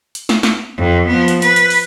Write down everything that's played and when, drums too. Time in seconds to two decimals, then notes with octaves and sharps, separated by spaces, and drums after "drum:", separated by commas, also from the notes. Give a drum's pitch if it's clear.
0.15 drum: hi-hat
0.29 drum: snare
0.43 drum: snare
0.77 F2
1.09 F3 B3
1.28 drum: hi-hat
1.42 B4, drum: hi-hat
1.56 drum: hi-hat
1.70 drum: open hi-hat